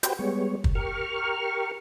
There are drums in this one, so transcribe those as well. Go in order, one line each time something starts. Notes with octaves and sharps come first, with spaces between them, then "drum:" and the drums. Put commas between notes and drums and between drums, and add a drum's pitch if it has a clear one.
F#4 G4 B4 C5 G5, drum: hi-hat
G3 G#3 B3 C#5
drum: kick
G4 A#4 C#6 F6